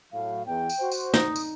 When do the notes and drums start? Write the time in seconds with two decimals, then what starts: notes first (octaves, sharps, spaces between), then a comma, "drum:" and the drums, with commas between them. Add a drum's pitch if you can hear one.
0.13 A2 F#3 F5
0.46 E2 G5
0.69 drum: tambourine
0.79 F#4 C5
0.92 drum: tambourine
1.14 D#4 D#6, drum: snare
1.36 drum: tambourine